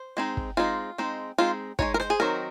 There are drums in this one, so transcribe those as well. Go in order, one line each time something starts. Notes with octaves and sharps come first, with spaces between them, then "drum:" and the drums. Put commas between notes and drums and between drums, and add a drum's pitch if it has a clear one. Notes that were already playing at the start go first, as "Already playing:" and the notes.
Already playing: C5
G#3 C4 D#4
drum: kick
G#3 C4 D#4 F4
G#3 C4 D#4
G#3 C4 D#4 F4
G#3 C4 D#4 C#5, drum: kick
A#4
C5, drum: rim click
G#4
D#3 F#3 C4 D#4 A#4